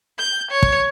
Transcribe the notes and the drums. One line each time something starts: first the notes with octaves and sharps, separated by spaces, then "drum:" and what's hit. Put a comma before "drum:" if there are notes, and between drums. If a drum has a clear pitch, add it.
G6
C#5
drum: kick